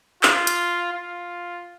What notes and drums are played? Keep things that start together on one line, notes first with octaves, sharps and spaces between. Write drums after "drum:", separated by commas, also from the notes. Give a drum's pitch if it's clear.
F4, drum: clap
drum: hi-hat
F4